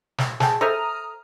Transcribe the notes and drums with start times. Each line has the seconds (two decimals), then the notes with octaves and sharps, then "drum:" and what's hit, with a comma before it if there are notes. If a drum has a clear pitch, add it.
0.18 drum: snare
0.40 G#4 G5 A5, drum: snare
0.61 A4 C5 E5 A#5 D#6 F6